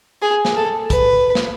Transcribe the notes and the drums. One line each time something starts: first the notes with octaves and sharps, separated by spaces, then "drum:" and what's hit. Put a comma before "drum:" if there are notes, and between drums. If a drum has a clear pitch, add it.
G#4
drum: snare
A4
B4, drum: kick, hi-hat
drum: snare